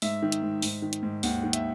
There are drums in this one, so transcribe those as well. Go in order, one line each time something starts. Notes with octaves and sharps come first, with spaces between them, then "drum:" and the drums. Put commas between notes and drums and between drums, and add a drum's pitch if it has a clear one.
G#2 E5, drum: open hi-hat
D#3
drum: hi-hat
G#2
G#2, drum: open hi-hat
D#3
drum: hi-hat
G#2
D#2 F#5, drum: open hi-hat
D#3
E5, drum: hi-hat